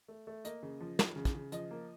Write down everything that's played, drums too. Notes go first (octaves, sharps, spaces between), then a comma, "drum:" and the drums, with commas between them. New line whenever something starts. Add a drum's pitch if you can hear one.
A3
A3
A#3 D#5, drum: hi-hat
C#3
F3
F3, drum: snare
C#3
drum: kick, hi-hat
C#3
F3 D#5, drum: hi-hat
A#3